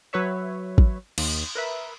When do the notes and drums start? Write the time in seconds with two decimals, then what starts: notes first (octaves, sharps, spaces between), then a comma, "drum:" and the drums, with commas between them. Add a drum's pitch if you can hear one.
0.13 F#3 B4 C#5 E5
0.78 drum: kick
1.18 D#2, drum: cymbal
1.55 A#4 B4 E5